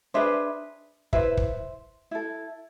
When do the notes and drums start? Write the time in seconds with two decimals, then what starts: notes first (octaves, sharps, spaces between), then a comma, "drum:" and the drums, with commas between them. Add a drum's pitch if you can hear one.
0.14 D4 G#4 B4 C5 E5
1.13 E4 B4 C5 E5, drum: kick
1.37 drum: kick
2.11 E4 A4